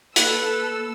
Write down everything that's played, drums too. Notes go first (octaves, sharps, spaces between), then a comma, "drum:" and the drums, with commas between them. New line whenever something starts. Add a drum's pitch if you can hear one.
A#3 A4 B4 E6, drum: hi-hat